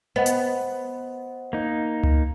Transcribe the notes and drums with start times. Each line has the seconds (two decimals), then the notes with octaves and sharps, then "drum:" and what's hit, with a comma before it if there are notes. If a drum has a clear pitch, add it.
0.16 B3 C5 D#5 F#5
0.26 drum: hi-hat
1.53 A#3 D#4
2.03 drum: tom C#2